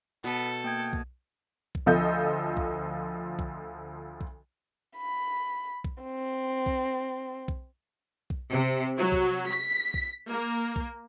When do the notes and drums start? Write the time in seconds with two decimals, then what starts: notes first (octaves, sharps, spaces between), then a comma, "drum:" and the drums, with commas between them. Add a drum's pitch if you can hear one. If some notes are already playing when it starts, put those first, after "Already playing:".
0.24 B2 B3 A4
0.64 A#3 G5 D#6 G#6
0.93 drum: kick B1
1.75 drum: kick B1
1.86 D2 F3 A4 D#5 G6
2.57 drum: kick B1
3.39 drum: kick B1
4.21 drum: kick B1
4.97 B5
5.84 drum: kick B1
6.03 C4
6.66 drum: kick B1
7.48 drum: kick B1
8.30 drum: kick B1
8.51 C3
8.97 F#3
9.12 drum: kick B1
9.49 B6
9.94 drum: kick B1
10.29 A#3
10.76 drum: kick B1